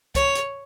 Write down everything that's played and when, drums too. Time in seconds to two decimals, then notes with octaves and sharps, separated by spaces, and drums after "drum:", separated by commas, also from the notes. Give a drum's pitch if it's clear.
0.15 C#5, drum: kick, hi-hat
0.35 drum: hi-hat